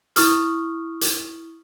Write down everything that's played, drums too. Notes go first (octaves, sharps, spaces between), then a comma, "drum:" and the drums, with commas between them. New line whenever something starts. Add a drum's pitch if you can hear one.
E4 C#6 D#6 F6, drum: hi-hat
drum: hi-hat